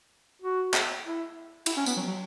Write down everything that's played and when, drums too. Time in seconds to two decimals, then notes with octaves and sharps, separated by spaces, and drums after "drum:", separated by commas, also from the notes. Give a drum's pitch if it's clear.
0.42 F#4
0.74 drum: clap
1.04 E4
1.66 E4, drum: cymbal
1.77 C#4
1.86 B3, drum: tambourine
1.96 F#3
2.07 F#3